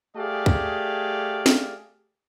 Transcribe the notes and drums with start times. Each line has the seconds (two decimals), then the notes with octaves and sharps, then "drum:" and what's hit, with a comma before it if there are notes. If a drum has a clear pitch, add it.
0.16 A3 G4 G#4 D5 F5
0.46 drum: kick
1.46 drum: snare